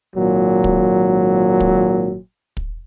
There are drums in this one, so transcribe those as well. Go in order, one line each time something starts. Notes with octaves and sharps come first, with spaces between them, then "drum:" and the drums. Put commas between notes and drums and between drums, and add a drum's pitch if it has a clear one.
G#1 A#2 F#3
drum: kick
drum: kick
drum: kick